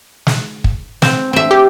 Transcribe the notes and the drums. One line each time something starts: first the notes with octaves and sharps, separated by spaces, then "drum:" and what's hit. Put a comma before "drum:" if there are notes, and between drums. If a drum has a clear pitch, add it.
drum: snare
drum: kick
C4, drum: snare
C4 E5
G4